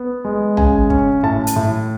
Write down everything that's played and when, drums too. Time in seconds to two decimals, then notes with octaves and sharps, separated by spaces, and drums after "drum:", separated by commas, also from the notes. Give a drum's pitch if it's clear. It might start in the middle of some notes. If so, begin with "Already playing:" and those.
Already playing: B3
0.24 G#3
0.57 C#3 G#5, drum: tom
0.90 C#4, drum: kick
1.23 A2 A5
1.47 drum: hi-hat
1.56 A2